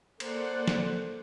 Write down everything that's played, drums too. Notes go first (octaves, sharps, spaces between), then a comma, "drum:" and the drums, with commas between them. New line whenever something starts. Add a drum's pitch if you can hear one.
A#3 A4 C5 D5 F#5, drum: cymbal
drum: snare